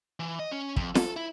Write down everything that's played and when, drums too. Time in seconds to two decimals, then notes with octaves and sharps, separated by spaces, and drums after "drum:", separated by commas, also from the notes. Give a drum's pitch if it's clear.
0.20 E3
0.39 D#5
0.51 C#4
0.76 F2, drum: kick
0.95 A4, drum: snare
1.16 E4